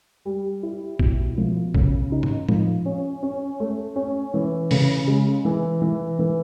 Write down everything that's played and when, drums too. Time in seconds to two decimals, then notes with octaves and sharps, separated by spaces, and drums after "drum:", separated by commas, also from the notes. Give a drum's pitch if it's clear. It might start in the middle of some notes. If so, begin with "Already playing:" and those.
0.25 G3
0.63 E4
0.99 B2, drum: kick A#1
1.38 F3
1.75 C#3, drum: kick A#1
2.12 D#4
2.23 drum: tom
2.49 F3, drum: tom A2
2.85 C#4
3.23 C#4
3.60 A3
3.96 C#4
4.34 E3
4.71 C#3, drum: open hi-hat
5.07 G#3
5.45 E3
5.82 E3
6.19 E3